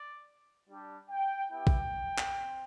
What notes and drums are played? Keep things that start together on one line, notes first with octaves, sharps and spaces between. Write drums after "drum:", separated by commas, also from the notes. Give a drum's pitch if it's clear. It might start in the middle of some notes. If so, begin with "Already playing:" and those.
Already playing: D5
G3 D4 G4
G5
B3 E4 G4 G5
drum: kick A#1
drum: clap
C4